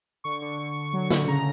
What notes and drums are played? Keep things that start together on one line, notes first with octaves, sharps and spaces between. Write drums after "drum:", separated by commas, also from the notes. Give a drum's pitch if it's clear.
D3 C#6
D3
D3
D3
F#3
D3, drum: snare
C#3 A#5